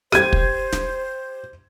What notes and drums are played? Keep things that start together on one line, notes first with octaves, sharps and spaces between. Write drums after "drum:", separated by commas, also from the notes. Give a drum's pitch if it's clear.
G4 C5 G#6 D#7, drum: rim click
drum: kick
drum: snare